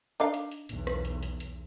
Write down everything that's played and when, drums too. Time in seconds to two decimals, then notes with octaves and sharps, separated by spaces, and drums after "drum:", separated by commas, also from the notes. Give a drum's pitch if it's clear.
0.20 D4 D#4 F5
0.34 drum: hi-hat
0.51 drum: hi-hat
0.69 B1 E2, drum: hi-hat
0.87 drum: rim click
1.05 drum: hi-hat
1.23 drum: hi-hat
1.40 drum: hi-hat